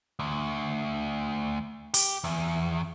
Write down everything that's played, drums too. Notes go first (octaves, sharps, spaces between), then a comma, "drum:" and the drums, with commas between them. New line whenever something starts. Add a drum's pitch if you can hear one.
D2
G4, drum: open hi-hat
E2